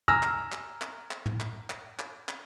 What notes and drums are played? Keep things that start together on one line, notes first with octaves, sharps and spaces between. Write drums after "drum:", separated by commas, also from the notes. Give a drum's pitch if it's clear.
G#5 A#5 E6 F6 A#6, drum: tom
drum: clap
drum: clap
drum: clap
drum: clap
drum: tom
drum: clap
drum: clap
drum: clap
drum: clap